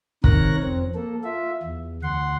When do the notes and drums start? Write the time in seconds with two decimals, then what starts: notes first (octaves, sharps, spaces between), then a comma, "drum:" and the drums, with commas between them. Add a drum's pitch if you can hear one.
0.24 C3 D#3 A#4 C#5 F#6 A#6, drum: kick
0.63 F2 C4
0.95 A#3 A4
1.24 F4 E5
1.63 E2
2.03 D2 F#5 C6